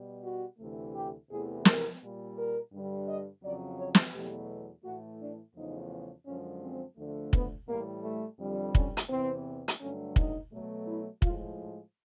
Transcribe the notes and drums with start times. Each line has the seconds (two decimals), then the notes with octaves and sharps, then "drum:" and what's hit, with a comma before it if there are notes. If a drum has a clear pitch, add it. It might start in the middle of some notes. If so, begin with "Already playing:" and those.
Already playing: B2 G3
0.23 F#4
0.58 D2 C3 E3 A3
0.95 G4
1.30 E2 C3 E3 A3 G#4
1.65 A#4, drum: snare
2.01 A#2 G3
2.36 A#4
2.72 G2 D3 G3
3.07 D#5
3.43 F2 C#3 F#3 D5
3.79 C#5
3.95 drum: snare
4.13 E2 B2 F#3 A3 G4
4.84 A2 E3 A3 F#4
5.20 D4
5.55 E2 C#3 F3 A3 D#4
6.26 F#2 D3 F3 G#3 C#4
6.62 C4
6.97 D2 D3 F3 A3
7.33 B3, drum: kick
7.68 A2 E3 G3 A#3
8.03 A3
8.38 F2 D3 G3
8.75 C#4, drum: kick
8.97 drum: hi-hat
9.09 E2 C3 E3 C4
9.68 drum: hi-hat
9.81 G2 D3 F#3 A3 C#4
10.16 D#4, drum: kick
10.51 B2 F#3 A3
10.87 E4
11.22 A2 F3 G#3 F4, drum: kick